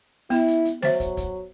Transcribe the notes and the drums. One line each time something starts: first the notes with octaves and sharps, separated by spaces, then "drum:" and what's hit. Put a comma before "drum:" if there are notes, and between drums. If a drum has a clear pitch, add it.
B3 E4, drum: open hi-hat
drum: hi-hat
drum: hi-hat
F#3 C5 E5, drum: snare A3
drum: kick, hi-hat
drum: kick, hi-hat